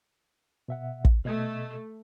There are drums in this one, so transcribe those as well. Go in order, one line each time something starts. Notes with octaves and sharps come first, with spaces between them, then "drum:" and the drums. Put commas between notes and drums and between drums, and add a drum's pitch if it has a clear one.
B2 E5 F#5
drum: kick
B2 A3 D#5 G#6